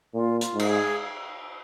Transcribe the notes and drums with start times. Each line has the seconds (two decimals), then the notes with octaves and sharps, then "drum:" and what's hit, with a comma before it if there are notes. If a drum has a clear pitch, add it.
0.14 A#2 F4
0.41 F4, drum: hi-hat
0.54 G#2
0.59 A#4, drum: cymbal
0.67 G#4